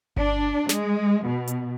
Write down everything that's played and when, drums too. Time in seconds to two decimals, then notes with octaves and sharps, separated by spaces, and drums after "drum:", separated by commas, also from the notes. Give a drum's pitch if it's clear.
0.17 D4, drum: kick G1
0.69 G#3, drum: snare
1.25 B2
1.47 drum: hi-hat